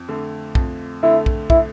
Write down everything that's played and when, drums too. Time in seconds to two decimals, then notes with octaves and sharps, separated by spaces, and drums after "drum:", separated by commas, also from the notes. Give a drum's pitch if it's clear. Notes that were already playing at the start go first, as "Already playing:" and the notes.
Already playing: F2
0.09 D3 A3
0.55 F2, drum: kick
1.03 D3 A3 E4
1.26 drum: kick
1.50 E4, drum: kick